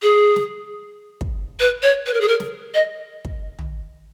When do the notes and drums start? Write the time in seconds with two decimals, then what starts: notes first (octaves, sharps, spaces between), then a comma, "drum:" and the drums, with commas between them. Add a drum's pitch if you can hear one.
0.02 G#4
0.36 drum: snare
1.21 drum: kick
1.60 B4
1.83 C#5
2.06 B4
2.14 A#4
2.21 G#4
2.28 A#4
2.40 drum: snare
2.74 D#5
3.25 drum: kick
3.59 drum: tom